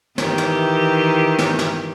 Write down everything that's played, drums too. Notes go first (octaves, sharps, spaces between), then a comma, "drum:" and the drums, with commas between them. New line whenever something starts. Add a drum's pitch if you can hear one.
D#3 E3 G4, drum: snare
drum: snare
drum: snare
drum: snare